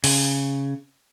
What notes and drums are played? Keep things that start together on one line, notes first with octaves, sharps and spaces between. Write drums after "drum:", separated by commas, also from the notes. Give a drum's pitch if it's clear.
C#3, drum: open hi-hat